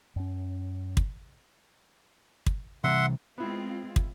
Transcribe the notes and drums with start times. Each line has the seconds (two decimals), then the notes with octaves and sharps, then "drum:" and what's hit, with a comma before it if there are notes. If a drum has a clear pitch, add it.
0.16 F#2 C#4
0.97 drum: kick
2.46 drum: kick
2.84 C3 E3 G3 E5 F#5 C6
3.38 G#3 B3 C4 E4 F4
3.96 drum: kick